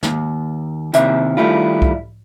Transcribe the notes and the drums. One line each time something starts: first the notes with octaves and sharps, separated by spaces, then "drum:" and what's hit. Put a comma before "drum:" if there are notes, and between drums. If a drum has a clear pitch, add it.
D#2, drum: snare
D#2 C3 D#3 E4 E5, drum: hi-hat
D#3 G3 A3 E4 F4
drum: kick